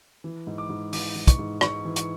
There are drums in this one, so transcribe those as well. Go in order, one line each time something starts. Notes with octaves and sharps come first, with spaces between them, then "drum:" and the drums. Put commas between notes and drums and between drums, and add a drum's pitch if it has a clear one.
E3
G#2
D6
G#2
E3 D6, drum: open hi-hat
E3
C#6, drum: kick, hi-hat
G#2
G#2 C#6, drum: rim click
E3
C#6, drum: hi-hat